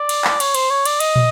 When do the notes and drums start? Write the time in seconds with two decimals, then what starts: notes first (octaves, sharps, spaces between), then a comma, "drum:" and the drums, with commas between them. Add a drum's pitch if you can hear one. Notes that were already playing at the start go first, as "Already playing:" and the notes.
Already playing: D5
0.09 drum: cymbal
0.24 drum: clap
0.40 C#5, drum: cymbal
0.54 C5, drum: cymbal
0.70 C#5
0.85 D5, drum: cymbal
1.00 D#5, drum: cymbal
1.16 drum: tom